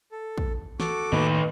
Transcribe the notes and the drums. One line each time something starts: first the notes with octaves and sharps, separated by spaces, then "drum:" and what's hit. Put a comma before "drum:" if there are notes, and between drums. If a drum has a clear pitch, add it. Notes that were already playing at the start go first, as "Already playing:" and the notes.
A4
drum: kick
F#4 A4 D6, drum: snare
A2 D#3 A#3 D#4 B4